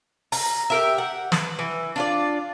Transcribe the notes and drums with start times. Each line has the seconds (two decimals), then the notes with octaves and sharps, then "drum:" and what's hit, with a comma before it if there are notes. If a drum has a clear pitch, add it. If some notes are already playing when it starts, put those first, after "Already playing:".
0.32 A#5, drum: open hi-hat
0.70 G4 A#4 E5
0.98 F#5
1.32 B4, drum: snare
1.59 E3
1.96 D4 F4 D5